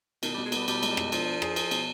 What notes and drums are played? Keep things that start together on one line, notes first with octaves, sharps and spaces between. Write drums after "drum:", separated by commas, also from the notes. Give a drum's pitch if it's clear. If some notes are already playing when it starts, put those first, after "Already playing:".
B2 D#3, drum: cymbal
B2 G3
G#3
G3 B3, drum: cymbal
B2 G3, drum: cymbal
G#3, drum: cymbal
G3
B2, drum: rim click
F3 D4, drum: cymbal
D4
G#4, drum: rim click
G#4, drum: cymbal
B2, drum: cymbal